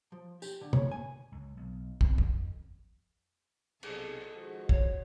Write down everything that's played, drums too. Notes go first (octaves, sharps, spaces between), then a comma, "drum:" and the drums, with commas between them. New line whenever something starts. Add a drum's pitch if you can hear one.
F3
G4, drum: tambourine
D3
C#5, drum: tom
G#5
C#2
B1
C4, drum: kick
F2, drum: kick
B1 C3 D#4 G#4 A4, drum: cymbal
D#3 F3 G#3 F#4
C#5, drum: kick